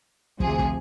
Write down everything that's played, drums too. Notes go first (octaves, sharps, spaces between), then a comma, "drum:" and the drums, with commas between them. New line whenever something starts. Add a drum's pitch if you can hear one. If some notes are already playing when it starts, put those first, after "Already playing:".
D2 C3 F3 G#4, drum: kick
drum: kick